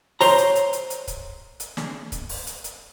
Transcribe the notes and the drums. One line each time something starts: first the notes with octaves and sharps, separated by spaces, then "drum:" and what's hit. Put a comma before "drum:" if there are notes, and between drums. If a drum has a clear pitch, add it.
C5 C#5 A#5, drum: open hi-hat
drum: hi-hat
drum: hi-hat
drum: hi-hat
drum: hi-hat
drum: kick C#1, hi-hat
drum: hi-hat
drum: snare
drum: kick C#1, hi-hat
drum: open hi-hat
drum: hi-hat
drum: hi-hat